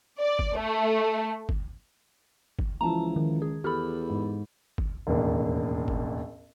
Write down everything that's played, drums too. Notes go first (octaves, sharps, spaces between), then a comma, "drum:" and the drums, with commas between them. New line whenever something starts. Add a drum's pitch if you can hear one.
D5
drum: kick
A3
drum: kick
drum: kick
C#2 E3 F3 E4 A5 A#5
D#3
G#4
E2 G4 A4 B5 F6
G#2
drum: kick
E1 A1 D#2
drum: kick